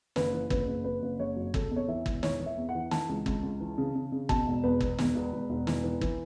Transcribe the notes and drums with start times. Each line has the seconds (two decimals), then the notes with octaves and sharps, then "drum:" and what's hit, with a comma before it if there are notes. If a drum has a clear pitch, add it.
0.16 F#1 B4, drum: snare
0.33 E3
0.50 F#1 B4, drum: kick G1
0.68 F#1
0.84 F#1 B4
1.02 F#1
1.19 F#1 C#5
1.37 F#2
1.54 C#3 A4, drum: kick G1
1.71 E2
1.76 C#5
1.88 E3 E5
2.06 E1, drum: kick G1
2.23 E3 C#5, drum: snare
2.40 E3
2.46 E5
2.57 E2
2.69 F#5
2.75 E3
2.91 E3 A5, drum: snare
3.09 C#2
3.26 C#2, drum: kick G1
3.43 C#2
3.60 E3
3.78 C#3
3.95 C#3
4.12 C#3
4.29 B2 A5, drum: kick G1
4.47 E1
4.64 E2 B4
4.80 E1, drum: kick G1
4.98 E2, drum: snare
5.15 E1
5.33 E1
5.50 E1
5.67 E3, drum: snare
5.84 E3
6.01 E3, drum: kick G1